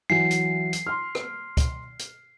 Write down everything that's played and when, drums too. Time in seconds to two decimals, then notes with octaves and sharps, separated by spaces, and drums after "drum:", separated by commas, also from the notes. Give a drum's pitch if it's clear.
0.10 E3 F#3 C7
0.31 drum: hi-hat
0.73 drum: hi-hat
0.87 C6 F6
1.15 drum: rim click
1.57 drum: kick, hi-hat
1.99 drum: hi-hat